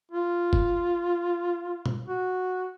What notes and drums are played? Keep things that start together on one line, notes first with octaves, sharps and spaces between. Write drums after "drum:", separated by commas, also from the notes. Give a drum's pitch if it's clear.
F4
drum: kick F#1
drum: tom A#2
F#4